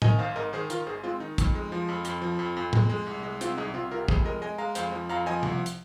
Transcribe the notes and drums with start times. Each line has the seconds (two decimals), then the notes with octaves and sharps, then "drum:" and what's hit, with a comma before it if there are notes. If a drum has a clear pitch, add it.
0.02 D#3 D#5 G#5, drum: tom
0.19 G#1 C5 F5
0.36 G#2 A#4 D#5
0.53 D#3 G#4 C5
0.70 D#3 F4 A#4, drum: hi-hat
0.86 G#1 G#4 C5
1.04 G#3 C4 F4
1.20 D#3 D#4
1.38 F2, drum: kick, hi-hat
1.55 G#3
1.72 F3
1.89 F2
2.05 F2, drum: hi-hat
2.22 F3
2.39 F2
2.57 F2
2.73 G#3, drum: tom
2.90 G#3
3.07 C2
3.23 G#3
3.41 C2 C4 F4, drum: hi-hat
3.57 C2 D#4 G#4
3.74 C2 C4 F4
3.91 C3 F4 A#4
4.08 F2 G#4 C5, drum: kick
4.25 G#3 A#4 D#5
4.42 G#3 D#5 G#5
4.58 G#3 F5 A#5
4.75 F2 C5 F5, drum: hi-hat
4.92 F3
5.09 F2 F5 A#5
5.26 F3 D#5 G#5
5.43 C2, drum: tom
5.66 drum: hi-hat